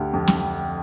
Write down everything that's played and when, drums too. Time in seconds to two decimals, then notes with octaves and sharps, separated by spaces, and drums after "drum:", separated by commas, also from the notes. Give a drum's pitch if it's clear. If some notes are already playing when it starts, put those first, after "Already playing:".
Already playing: D2 G4
0.13 F2
0.27 drum: snare